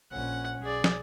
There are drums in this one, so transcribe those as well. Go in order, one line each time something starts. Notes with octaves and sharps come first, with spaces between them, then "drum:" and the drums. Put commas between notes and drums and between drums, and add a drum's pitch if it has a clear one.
A#1 C#4 F#5
B1 G#4 D5
drum: snare